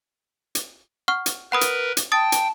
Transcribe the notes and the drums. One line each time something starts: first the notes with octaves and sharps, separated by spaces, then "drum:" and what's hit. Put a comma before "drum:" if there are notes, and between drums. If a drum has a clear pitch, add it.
drum: hi-hat
F#5 C#6 F6
drum: hi-hat
A#4 B4 F#5 B5 D#6
drum: hi-hat
drum: hi-hat
G5 A5 D#6 A6
drum: hi-hat